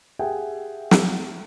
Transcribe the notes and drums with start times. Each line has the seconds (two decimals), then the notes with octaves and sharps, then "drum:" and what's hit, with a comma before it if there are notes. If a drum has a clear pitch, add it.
0.19 G4 G#4 E5 F#5 G5
0.91 drum: snare